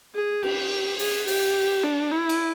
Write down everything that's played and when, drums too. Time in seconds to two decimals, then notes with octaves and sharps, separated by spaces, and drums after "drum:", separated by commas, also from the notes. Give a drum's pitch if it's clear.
0.15 G#4
0.43 G4, drum: cymbal
0.99 G#4, drum: open hi-hat
1.28 G4, drum: open hi-hat
1.84 D4
2.11 E4
2.29 drum: cymbal